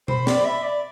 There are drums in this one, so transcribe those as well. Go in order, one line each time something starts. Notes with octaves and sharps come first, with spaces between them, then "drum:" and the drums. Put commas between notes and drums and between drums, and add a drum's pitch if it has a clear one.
C5 B5, drum: tom B2
D5, drum: snare
E5
D5